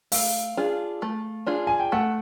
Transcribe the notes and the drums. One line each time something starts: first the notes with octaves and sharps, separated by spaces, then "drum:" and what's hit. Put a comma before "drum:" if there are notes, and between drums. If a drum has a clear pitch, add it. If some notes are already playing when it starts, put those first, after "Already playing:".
A3 F5, drum: open hi-hat
D4 F4 G#4
A3
D4 F4 G#4
G#5
G5
A3 F#5